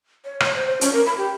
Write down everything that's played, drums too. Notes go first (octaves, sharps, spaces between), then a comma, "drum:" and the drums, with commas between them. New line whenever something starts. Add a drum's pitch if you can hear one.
C#5
C#5, drum: rim click
C5
C5
C#4, drum: hi-hat
A#4
B5
G4